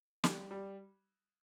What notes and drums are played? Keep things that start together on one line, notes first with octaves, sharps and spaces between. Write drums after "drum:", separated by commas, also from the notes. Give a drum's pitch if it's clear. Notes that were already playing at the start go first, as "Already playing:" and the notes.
G3, drum: snare
G3